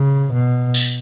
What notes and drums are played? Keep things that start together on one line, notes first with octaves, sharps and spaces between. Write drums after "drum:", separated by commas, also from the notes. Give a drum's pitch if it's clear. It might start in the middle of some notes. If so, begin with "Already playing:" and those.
Already playing: C#3
B2
drum: tambourine